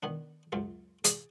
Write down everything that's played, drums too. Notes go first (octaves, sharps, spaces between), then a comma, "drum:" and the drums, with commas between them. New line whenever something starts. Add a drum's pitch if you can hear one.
D#3 B3 D4
C#2 F#2 F#3 F4
G#4 D5, drum: hi-hat